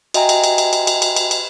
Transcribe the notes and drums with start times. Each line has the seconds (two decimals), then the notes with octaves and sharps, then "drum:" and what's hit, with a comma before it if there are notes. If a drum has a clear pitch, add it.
0.14 F#4 D#5 E5 G5 G#5 A#5, drum: cymbal
0.29 drum: cymbal
0.44 drum: cymbal
0.58 drum: cymbal
0.73 drum: cymbal
0.87 drum: cymbal
1.02 drum: cymbal
1.16 drum: cymbal
1.31 drum: cymbal